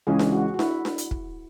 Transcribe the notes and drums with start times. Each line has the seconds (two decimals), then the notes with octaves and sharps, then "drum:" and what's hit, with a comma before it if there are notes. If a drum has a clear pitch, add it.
0.07 C#2 C#3 E3 G#3 C#4 G#4
0.19 drum: snare D4
0.33 F#4
0.54 F#4
0.59 E4, drum: snare D4
0.85 drum: snare D4
0.98 drum: hi-hat
1.11 drum: kick